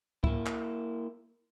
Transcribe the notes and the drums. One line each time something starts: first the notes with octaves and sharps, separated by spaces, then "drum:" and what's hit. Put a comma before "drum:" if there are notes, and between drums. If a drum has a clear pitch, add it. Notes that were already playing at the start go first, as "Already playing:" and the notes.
A#3 E4, drum: kick
drum: clap